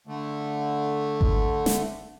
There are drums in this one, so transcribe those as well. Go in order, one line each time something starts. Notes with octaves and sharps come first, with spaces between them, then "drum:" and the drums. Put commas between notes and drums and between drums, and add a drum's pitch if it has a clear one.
D3 A3
drum: kick G#1
drum: snare